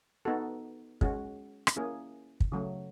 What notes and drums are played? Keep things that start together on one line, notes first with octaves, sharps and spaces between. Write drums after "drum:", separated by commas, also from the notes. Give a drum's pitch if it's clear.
B3 D#4 F#4 A4
G#3 C#4 F#4, drum: kick
drum: rim click
A#3 C#4 E4 G#4
drum: kick
C#3 F#3 A3